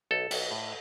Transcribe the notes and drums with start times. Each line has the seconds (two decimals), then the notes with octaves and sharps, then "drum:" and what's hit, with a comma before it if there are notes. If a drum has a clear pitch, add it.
0.11 B1 A4
0.31 B1, drum: cymbal
0.51 A2